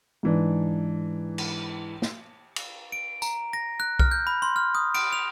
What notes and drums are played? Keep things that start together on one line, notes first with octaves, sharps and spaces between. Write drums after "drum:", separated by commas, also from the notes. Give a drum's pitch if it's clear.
G#2 E3 D4
drum: cymbal
drum: snare
drum: cymbal
D7
A#5, drum: tambourine
A#6
F#6
F6, drum: kick B1
G6
B5
C6
F6
D#6
D7, drum: cymbal
F7